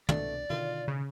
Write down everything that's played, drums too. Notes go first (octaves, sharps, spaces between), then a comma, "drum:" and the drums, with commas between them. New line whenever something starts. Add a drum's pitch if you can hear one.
C2 B2 A3 D4 D5, drum: tom
B2 D3 D#3 F4
C#3